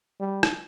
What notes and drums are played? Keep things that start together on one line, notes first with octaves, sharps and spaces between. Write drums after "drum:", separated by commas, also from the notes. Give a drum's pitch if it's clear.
G3
drum: rim click